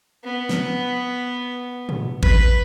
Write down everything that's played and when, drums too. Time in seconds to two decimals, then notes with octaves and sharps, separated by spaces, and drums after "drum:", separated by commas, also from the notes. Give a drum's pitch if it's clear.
0.24 B3
0.49 drum: snare
1.89 drum: tom
2.23 B4, drum: kick